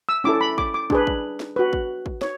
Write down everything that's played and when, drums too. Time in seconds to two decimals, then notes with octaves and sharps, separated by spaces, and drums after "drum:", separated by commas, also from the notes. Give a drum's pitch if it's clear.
0.09 E6
0.24 C#4 E4 A4 D6
0.41 B5
0.58 D6, drum: kick
0.74 D6
0.90 D4 G#4 B4, drum: kick
1.07 drum: kick
1.40 drum: snare
1.56 F#4 B4
1.73 drum: kick
2.06 drum: kick
2.22 C#5, drum: snare